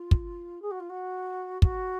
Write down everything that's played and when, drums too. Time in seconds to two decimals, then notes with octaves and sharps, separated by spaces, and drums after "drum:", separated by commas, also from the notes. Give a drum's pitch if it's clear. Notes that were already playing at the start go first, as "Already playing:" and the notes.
Already playing: F4
0.11 drum: kick
0.62 G#4
0.71 F#4
0.80 F4
0.89 F#4
1.62 F#4, drum: kick